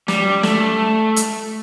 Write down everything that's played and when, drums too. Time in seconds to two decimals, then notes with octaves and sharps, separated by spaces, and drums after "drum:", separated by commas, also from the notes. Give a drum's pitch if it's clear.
0.08 G3, drum: snare
0.43 A3, drum: snare
1.16 drum: hi-hat